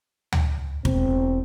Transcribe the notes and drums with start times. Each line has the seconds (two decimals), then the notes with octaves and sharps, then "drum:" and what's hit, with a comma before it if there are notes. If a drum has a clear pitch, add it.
0.33 drum: tom D2
0.85 E1 C4, drum: kick